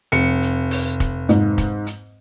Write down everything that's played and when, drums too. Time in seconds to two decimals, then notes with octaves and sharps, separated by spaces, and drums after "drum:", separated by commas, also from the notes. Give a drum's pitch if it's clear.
0.12 F1 C#7
0.42 drum: hi-hat
0.71 drum: open hi-hat
1.00 drum: kick, hi-hat
1.29 G#2, drum: hi-hat
1.58 drum: kick, hi-hat
1.87 drum: hi-hat